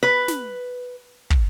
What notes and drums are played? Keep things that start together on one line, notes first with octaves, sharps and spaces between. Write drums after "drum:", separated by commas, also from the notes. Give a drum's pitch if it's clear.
B4
drum: snare
drum: kick